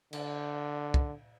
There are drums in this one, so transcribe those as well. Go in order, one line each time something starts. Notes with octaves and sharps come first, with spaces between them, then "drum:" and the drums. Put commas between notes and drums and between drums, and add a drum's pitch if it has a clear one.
D3, drum: cymbal
drum: kick